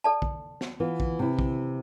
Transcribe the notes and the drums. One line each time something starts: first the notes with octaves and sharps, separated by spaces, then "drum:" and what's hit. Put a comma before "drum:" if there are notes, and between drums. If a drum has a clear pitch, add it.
A4 D5 A5
drum: kick
drum: snare
E3 B3 F4
drum: kick
C3 E4
drum: kick